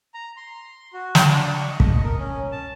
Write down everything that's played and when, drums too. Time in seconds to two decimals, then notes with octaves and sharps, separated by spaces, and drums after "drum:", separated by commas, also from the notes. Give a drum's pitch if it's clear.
0.14 A#5
0.37 C6
0.93 F#4
1.15 drum: snare
1.30 D4
1.55 C#6
1.70 D#5
1.80 drum: kick
2.04 A#4
2.19 C#4
2.52 A5